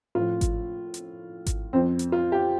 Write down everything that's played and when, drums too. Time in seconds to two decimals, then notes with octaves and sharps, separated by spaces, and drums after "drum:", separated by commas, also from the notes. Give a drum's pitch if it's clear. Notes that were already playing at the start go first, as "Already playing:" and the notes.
0.15 A2 F3 F4
0.41 drum: kick G#1, hi-hat
0.94 drum: hi-hat
1.46 drum: kick G#1, hi-hat
1.73 F2 F3 C4
1.99 drum: hi-hat
2.12 F4
2.32 G4